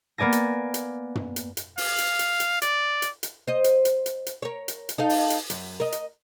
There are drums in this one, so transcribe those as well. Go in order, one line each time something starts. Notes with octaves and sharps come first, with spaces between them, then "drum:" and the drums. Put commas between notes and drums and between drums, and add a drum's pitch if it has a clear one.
A#3 B3 D5 G#5 A#6
drum: hi-hat
drum: hi-hat
drum: tom
drum: hi-hat
drum: hi-hat
F5, drum: open hi-hat
drum: hi-hat
drum: hi-hat
drum: hi-hat
D5, drum: hi-hat
drum: hi-hat
drum: hi-hat
C5 D#5
drum: hi-hat
drum: hi-hat
drum: hi-hat
drum: hi-hat
A#4 C#5
drum: hi-hat
drum: hi-hat
D#4 A4 F5
drum: open hi-hat
drum: hi-hat
F#2, drum: hi-hat
A#4 D#5
drum: hi-hat